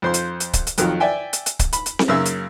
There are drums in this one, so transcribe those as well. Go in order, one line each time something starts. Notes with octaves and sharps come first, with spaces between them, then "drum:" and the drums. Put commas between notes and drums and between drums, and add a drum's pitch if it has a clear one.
F2 C5 C6
drum: hi-hat
drum: hi-hat
drum: kick C#1, hi-hat
drum: hi-hat
F2 D#3 F#3, drum: hi-hat
D5 E5 G5 G#5
drum: hi-hat
drum: hi-hat
drum: kick C#1, hi-hat
B5, drum: hi-hat
drum: hi-hat
drum: snare C4
F#2 C#3 A#3 E5 E6
drum: hi-hat